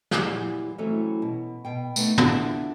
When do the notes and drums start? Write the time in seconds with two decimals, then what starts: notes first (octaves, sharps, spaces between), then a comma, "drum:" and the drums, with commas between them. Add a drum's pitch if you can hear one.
0.11 F#2 A#2 E3 G3, drum: snare
0.78 E3 F#3 A3 C4 C#4
1.22 B2
1.65 B2 G5
1.96 A3 B3 D4 D#4, drum: tambourine
2.18 B3 D4 E4 F4 G#4 A#4, drum: tom